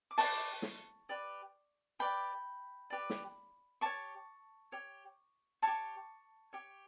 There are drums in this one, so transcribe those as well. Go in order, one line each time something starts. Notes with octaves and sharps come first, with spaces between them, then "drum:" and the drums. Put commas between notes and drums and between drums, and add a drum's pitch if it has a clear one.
D6
G4 B4 D5 A5 C#6, drum: open hi-hat
drum: snare
G4 B4 D5
G4 B4 D5 G5 B5
G4 B4 D5
drum: snare
G4 C#5 A5 C#6
G4 C#5
G4 C#5 A5 C#6
G4 C#5